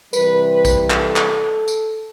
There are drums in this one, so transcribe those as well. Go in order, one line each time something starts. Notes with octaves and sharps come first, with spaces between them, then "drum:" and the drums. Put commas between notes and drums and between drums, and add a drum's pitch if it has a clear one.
C3 E3 G3 B4, drum: tambourine
B4
drum: kick, tambourine
A4, drum: clap
drum: clap
drum: tambourine